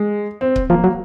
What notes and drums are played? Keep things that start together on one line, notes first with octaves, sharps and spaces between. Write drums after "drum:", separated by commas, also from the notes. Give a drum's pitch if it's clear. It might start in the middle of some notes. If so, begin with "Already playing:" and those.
Already playing: G#3
C4
drum: kick C#1
F3 A#3
F#3